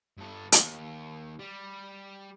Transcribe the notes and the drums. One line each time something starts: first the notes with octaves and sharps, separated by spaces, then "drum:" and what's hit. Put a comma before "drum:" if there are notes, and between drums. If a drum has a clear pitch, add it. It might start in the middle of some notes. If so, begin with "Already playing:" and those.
G2 A4
D#2, drum: hi-hat
G3